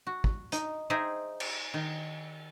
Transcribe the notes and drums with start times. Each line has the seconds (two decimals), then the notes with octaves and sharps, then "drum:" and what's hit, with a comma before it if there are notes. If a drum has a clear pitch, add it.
0.07 F#4
0.24 drum: kick
0.52 D#4, drum: hi-hat
0.90 D#4 G#4 C5 E5 G5 A#5
1.40 drum: cymbal
1.74 D#3